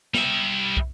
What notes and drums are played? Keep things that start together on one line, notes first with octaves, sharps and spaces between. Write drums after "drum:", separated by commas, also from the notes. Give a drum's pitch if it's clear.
G3 E5, drum: snare
drum: kick